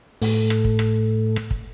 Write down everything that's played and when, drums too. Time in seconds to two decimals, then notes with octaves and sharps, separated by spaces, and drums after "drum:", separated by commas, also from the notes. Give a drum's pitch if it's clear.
0.22 A2 A3, drum: open hi-hat
0.50 drum: rim click
0.65 drum: kick
0.79 drum: rim click
1.36 drum: rim click
1.51 drum: kick